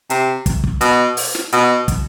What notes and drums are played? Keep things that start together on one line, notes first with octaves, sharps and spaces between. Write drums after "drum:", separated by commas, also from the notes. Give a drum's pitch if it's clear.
C3, drum: hi-hat
drum: kick, hi-hat
drum: kick
B2, drum: hi-hat
drum: open hi-hat
drum: snare
B2, drum: hi-hat
drum: kick, hi-hat